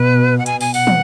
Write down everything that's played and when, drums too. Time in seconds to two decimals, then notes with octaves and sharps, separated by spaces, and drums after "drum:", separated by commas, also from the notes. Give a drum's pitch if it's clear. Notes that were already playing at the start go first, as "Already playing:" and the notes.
Already playing: B2 B4
0.39 F#5
0.46 G#5, drum: hi-hat
0.61 G#5, drum: open hi-hat
0.74 F#5, drum: open hi-hat
0.87 drum: tom